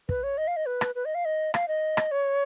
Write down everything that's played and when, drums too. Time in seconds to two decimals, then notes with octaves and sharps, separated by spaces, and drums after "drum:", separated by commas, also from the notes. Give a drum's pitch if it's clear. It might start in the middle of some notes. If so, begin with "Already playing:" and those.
0.09 B4, drum: kick
0.23 C#5
0.38 D#5
0.48 F5
0.56 D#5
0.66 B4
0.81 drum: rim click
0.95 B4
1.05 D#5
1.15 F5
1.25 D#5
1.54 F5, drum: rim click
1.68 D#5
1.97 drum: rim click
2.11 C#5